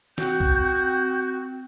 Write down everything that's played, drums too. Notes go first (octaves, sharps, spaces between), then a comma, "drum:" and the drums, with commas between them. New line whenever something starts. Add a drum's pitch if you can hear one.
C4 F#4 G6, drum: snare
drum: kick B1